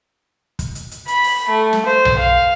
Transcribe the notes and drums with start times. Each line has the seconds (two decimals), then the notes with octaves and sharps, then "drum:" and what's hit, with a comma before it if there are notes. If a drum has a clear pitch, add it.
0.59 drum: kick, hi-hat
0.75 drum: hi-hat
0.91 drum: hi-hat
1.08 B5, drum: hi-hat
1.24 drum: open hi-hat
1.49 A3
1.73 drum: snare
1.86 C5
2.05 drum: tom B1
2.18 F5